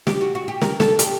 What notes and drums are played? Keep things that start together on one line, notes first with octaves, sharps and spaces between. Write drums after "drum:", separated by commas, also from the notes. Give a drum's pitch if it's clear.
G4, drum: snare
F#4
F#4
G4
A#4, drum: snare
A4, drum: snare
G4, drum: hi-hat